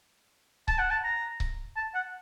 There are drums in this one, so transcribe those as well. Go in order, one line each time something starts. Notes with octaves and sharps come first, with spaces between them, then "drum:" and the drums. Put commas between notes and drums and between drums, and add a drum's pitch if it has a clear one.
A5, drum: kick C#1
F#5
A5
A#5
drum: kick C#1
A5
F#5